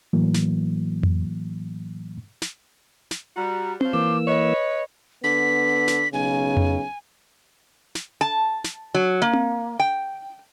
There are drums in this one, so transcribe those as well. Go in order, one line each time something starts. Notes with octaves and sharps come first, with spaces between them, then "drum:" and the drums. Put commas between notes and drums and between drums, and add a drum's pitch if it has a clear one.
A2 E3 F#3 A#3
drum: snare
drum: tom F2
drum: snare
drum: snare
G3 F#4 A#5
F3 F#3 C5, drum: tom C4
E3 A#3 D6 E6
B4 C#5 D#5
D3 B3 B6
drum: snare
B1 C#3 G#5
drum: tom F2
drum: snare
A5
drum: snare
F#3
A#3
drum: tom C4
G5